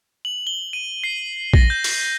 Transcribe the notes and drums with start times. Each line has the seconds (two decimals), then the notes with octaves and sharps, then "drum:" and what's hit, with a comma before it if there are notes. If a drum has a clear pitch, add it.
0.25 F#7
0.47 G7
0.73 D#7
1.04 C7
1.54 A#6, drum: kick A#1
1.70 G6
1.84 drum: open hi-hat